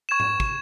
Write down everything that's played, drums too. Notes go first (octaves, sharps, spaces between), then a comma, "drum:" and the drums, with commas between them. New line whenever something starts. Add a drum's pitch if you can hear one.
C#6 G#6 E7
drum: tom G#2
drum: kick